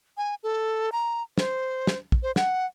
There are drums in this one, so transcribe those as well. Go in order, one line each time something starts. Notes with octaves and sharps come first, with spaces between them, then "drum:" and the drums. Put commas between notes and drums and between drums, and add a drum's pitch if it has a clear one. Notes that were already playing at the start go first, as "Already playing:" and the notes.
G#5
A4
A#5
C5, drum: snare
drum: snare
drum: kick
C5
F#5, drum: snare